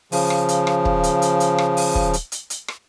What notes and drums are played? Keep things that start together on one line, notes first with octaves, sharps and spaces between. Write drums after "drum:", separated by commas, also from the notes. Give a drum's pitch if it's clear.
C#3 F3, drum: open hi-hat
drum: rim click
drum: hi-hat
drum: rim click
drum: kick
drum: hi-hat
drum: hi-hat
drum: hi-hat
drum: rim click
drum: open hi-hat
drum: kick
drum: hi-hat
drum: hi-hat
drum: hi-hat
drum: rim click